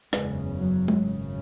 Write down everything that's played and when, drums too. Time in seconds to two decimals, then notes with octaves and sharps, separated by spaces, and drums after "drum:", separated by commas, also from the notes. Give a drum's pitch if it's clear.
0.13 F#1 E2 C#3 G#3, drum: rim click
0.57 F#3
0.88 drum: tom G#3
1.00 G#1 F#2 C#3